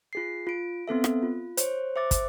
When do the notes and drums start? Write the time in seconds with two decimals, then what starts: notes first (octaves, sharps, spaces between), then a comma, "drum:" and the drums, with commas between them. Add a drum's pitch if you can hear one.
0.13 F4 G#4 C7
0.47 F4 D7
0.88 B3 C4 A4 E5
1.04 drum: rim click
1.23 F4
1.57 C5 C#5, drum: hi-hat
1.96 C5 E5 D6 A6
2.11 drum: kick, hi-hat